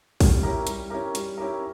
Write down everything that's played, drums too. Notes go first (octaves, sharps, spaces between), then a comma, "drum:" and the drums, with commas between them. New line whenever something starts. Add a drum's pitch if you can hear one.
G3, drum: kick, open hi-hat
C#4 E4 G4 A#4
G3, drum: hi-hat
C#4 E4 G4 A#4
G3, drum: hi-hat
C#4 E4 G4 A#4